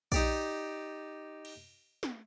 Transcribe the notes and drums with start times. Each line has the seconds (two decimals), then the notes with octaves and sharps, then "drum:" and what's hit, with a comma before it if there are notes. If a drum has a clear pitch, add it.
0.12 D#4 G4 D5, drum: kick A#1
1.45 drum: cymbal
2.03 drum: snare